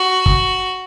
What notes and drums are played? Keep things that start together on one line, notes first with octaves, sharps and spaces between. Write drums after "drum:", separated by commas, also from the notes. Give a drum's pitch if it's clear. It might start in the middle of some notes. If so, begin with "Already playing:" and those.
Already playing: F#4
drum: kick